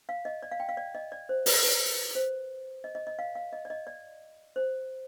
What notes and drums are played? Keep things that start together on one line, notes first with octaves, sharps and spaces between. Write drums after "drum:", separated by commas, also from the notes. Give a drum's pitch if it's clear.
F5
D#5
D5
F5
G5
F5
D5
D#5
D5
C5
B4, drum: open hi-hat
B4
C5
D#5
D#5
D#5
F5
F5
D#5
D5
D#5
D5
C5